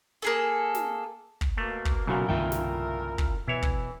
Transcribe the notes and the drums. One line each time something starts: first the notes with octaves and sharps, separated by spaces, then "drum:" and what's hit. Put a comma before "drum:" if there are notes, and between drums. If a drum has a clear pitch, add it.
A#3 G#4 A4
drum: snare
drum: kick
B2 A3 A#3
drum: kick
B1 A#2 C#3 A3 E4 F#4 A#4
C2 G2 D#3 F4 E5 G5
drum: snare
drum: kick
B2 E3 E4 C#5
drum: kick